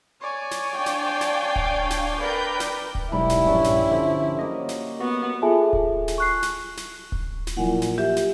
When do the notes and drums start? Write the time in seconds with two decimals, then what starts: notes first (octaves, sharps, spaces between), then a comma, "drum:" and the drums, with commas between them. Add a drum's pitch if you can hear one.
0.21 C#5 D5 G#5
0.51 drum: snare
0.75 D4 F5 G5
0.86 drum: snare
1.21 drum: snare
1.56 drum: kick D1
1.90 drum: snare
2.21 A#4 B4 D5 G5 G6
2.60 drum: snare
2.95 drum: kick D1
3.12 B1 G#2 G3 E4 A#4 B5
3.30 drum: snare
3.46 A#1 G2 C#4 D4
3.64 drum: snare
3.91 D3 F3
4.39 F#3 A#3 A#4 D#5
4.69 drum: snare
5.00 B3 F#4
5.42 F4 G#4 A4 E5 G#5 A5
5.73 drum: kick D1
6.08 drum: snare
6.18 C#6 F#6 C7
6.43 drum: snare
6.77 drum: snare
7.12 drum: kick D1
7.47 drum: snare
7.57 A#2 F3 F#3 E4 F#5 G#5
7.82 drum: snare
7.98 G4 E5
8.16 drum: snare